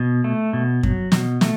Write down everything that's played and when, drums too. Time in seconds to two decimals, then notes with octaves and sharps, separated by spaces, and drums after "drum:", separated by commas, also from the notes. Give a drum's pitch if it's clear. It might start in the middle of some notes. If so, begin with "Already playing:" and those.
Already playing: B2
0.24 A3
0.53 B2
0.83 F#3, drum: kick F#2
1.12 B2, drum: snare
1.41 A3, drum: snare